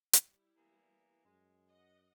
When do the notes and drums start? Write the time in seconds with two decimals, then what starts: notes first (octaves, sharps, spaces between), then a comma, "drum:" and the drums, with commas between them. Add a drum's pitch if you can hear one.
0.13 G3 E4, drum: hi-hat
0.57 E3 A#3 B3
1.25 F#2 G#3
1.67 D#5 F#5